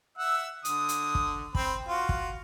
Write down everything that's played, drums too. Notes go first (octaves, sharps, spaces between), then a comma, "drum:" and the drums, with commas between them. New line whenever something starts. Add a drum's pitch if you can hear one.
E5 F#5 E6
D3 D#6, drum: hi-hat
drum: hi-hat
drum: kick
C4 B5, drum: kick
F4 F#4
drum: kick